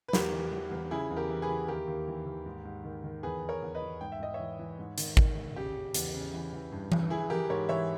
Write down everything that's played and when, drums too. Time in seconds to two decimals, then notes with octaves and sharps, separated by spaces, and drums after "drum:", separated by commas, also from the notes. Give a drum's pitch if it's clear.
0.08 B4
0.13 E2 G4 A#4, drum: snare
0.33 E3
0.52 E3
0.71 E2
0.91 C#3 E4 G#4
1.10 E2
1.17 G4 A#4
1.30 E3
1.42 G#4 B4
1.49 E3
1.68 D#2 G4 A#4
1.87 D#2
2.08 E3
2.26 D#2
2.46 G#2
2.65 G#2
2.84 D#3
3.04 D#3
3.23 E2 G#4 B4
3.43 D#3
3.49 A#4 C#5
3.62 E2
3.75 B4 D#5
3.82 E2
4.01 G#2 G5
4.12 E5
4.20 G#2 D#5
4.34 C#5 E5
4.39 E3
4.59 E3
4.79 G#2
4.98 D#3, drum: hi-hat
5.17 D#3, drum: kick
5.37 G#2
5.56 C#3 G4
5.76 C#3
5.94 E2, drum: hi-hat
6.14 C#3
6.34 E3
6.53 E3
6.72 G2
6.92 E3, drum: tom E3
7.10 E3 E4 G#4
7.30 E3 G4 A#4
7.50 G#2 A#4 C#5
7.69 E3 C#5 E5